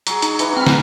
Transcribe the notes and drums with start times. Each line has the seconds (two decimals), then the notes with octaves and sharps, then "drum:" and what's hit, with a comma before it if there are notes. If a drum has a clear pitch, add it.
0.07 F#3 G#4, drum: hi-hat
0.22 D#4, drum: hi-hat
0.39 E3 F#5, drum: hi-hat
0.57 C4 F#5 B5 F6
0.66 drum: snare